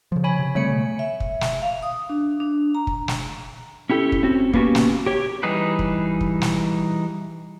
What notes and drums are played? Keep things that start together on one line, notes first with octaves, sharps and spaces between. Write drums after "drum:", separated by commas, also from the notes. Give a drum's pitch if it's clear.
C#3 F3
C#5 G#5 B5
C3
C#3 G3 A3 C4 C#5 C#7
B2
E5
drum: kick
drum: snare
F5
D#6
D4
D4
A#5
drum: kick
drum: snare
C#4 E4 G4 A4
drum: kick
C4 C#4 F#4
A#3 B3 C#4 F#4 G4, drum: kick
drum: snare
G4 C#5
E3 G3 D#4 G#4 B4
drum: kick
drum: kick
drum: snare